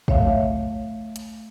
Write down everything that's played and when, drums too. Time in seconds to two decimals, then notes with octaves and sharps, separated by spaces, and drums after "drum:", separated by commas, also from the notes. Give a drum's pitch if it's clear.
0.08 A3 C#5 E5 F5, drum: kick
1.16 drum: hi-hat